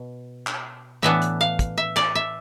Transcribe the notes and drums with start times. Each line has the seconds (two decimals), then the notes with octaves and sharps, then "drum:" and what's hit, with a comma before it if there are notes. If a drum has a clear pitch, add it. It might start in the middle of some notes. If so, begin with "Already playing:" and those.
Already playing: B2
0.47 drum: clap
1.02 A2 E3 B3 D4 E5
1.22 drum: hi-hat
1.41 F5
1.59 drum: kick, hi-hat
1.78 E5
1.96 D5, drum: clap
2.15 E5